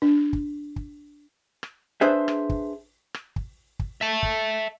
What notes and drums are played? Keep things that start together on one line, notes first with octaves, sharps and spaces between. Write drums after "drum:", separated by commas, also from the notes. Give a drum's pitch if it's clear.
D4
drum: kick
drum: kick
drum: rim click
D4 G#4 B4 C5 E5
drum: rim click
drum: kick
drum: rim click
drum: kick
drum: kick
E5 A5
drum: kick